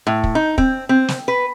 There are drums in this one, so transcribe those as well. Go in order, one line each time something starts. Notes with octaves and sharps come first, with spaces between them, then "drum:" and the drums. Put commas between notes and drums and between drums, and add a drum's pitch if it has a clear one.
A2
drum: kick
D#4
C4, drum: kick
C4
drum: snare
B4